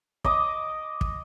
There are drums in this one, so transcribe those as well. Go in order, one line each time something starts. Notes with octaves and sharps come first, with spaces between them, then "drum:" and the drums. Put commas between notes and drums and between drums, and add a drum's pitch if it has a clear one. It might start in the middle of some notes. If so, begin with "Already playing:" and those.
D#5 D6 D#6, drum: kick
drum: kick